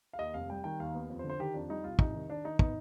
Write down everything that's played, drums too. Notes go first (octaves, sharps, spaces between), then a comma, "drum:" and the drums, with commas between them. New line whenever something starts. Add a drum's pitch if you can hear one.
F5
D#2 D#5
F1 F5
G3 G5
D#3 G5
D#2 F5
B3
F2
C5
D3
C5
D#3 G4
F2 D4
G3 D#4
C2 F4
C2 D#4, drum: kick
D#3
D#3 D4
D#3 D#4
B3 D#4, drum: kick